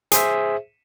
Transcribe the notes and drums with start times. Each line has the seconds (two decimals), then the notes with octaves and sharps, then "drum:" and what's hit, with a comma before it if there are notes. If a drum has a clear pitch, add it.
0.12 G#4 C5 E5, drum: hi-hat